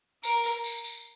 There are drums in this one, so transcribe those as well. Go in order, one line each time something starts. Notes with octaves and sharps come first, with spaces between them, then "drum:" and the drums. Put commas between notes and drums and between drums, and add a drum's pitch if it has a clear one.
A#4, drum: tambourine
drum: tambourine
drum: tambourine
drum: tambourine